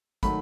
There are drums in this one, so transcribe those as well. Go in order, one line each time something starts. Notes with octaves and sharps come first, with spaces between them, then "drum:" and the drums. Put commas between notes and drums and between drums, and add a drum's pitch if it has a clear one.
D#3 F#3 A3 B5, drum: kick, hi-hat